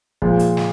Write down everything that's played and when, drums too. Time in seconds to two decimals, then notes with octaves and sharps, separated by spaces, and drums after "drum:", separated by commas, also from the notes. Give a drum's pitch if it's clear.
0.22 A#2 F3 G#3, drum: kick
0.39 drum: hi-hat
0.57 drum: snare